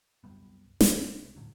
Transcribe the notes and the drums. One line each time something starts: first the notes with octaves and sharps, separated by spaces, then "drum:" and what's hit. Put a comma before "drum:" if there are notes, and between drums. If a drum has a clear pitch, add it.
C2 F#2 G3 B3
C2, drum: snare
A2 D3 F#3